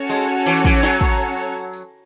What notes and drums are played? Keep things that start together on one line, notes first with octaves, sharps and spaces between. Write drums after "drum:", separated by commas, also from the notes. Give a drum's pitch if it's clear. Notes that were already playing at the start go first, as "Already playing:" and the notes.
Already playing: C#4 F#4 A4 C#5
G#3
drum: tambourine
E3
E3, drum: kick, tambourine
F#3, drum: snare
drum: kick, tambourine
drum: tambourine
drum: tambourine